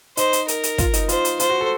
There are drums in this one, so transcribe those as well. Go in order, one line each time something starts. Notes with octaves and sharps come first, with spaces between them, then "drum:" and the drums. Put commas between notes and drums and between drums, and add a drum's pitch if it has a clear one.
D#4 C5, drum: hi-hat
drum: hi-hat
A#4, drum: hi-hat
drum: hi-hat
F4, drum: kick, hi-hat
D#4, drum: hi-hat
F4 C5, drum: hi-hat
drum: hi-hat
F4 C5, drum: hi-hat
F#4
A4